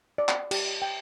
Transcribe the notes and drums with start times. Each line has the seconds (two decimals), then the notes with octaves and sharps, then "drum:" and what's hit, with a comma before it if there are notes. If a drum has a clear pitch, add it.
0.18 D5
0.29 drum: clap
0.51 G4, drum: cymbal
0.82 G5